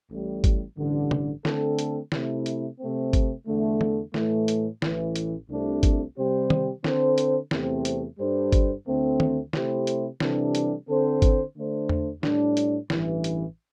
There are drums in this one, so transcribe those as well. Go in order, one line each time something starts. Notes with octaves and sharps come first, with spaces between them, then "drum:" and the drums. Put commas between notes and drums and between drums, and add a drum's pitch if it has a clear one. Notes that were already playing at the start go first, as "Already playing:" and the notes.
A1 A2 G3
drum: kick G1, hi-hat
A1 G2 D3
drum: tom
D3 A3 C4 A4, drum: snare
drum: hi-hat
C3 A3 E4, drum: snare
drum: hi-hat
C3 A3 C4
drum: kick G1, hi-hat
E2 D3 A3
drum: tom
A2 E3 A3, drum: snare
drum: hi-hat
A1 A2 E3, drum: snare
drum: hi-hat
C2 C3 A3 D4
drum: kick G1, hi-hat
C3 G3 C4 G4 C5
drum: tom
D3 C4 A4 C5, drum: snare
drum: hi-hat
E2 C3 A3 C4, drum: snare
drum: hi-hat
G2 G3 D4 A4 C5
drum: kick G1, hi-hat
D2 D3 A3 C4
drum: tom
C3 A3 E4 G4 C5, drum: snare
drum: hi-hat
C3 E3 G3 D4 A4, drum: snare
drum: hi-hat
D3 C4 A4 C5
drum: kick G1, hi-hat
D3 A3 D4 C5
drum: tom E2
A2 G3 D4, drum: snare
drum: hi-hat
A1 G2 E3, drum: snare
drum: hi-hat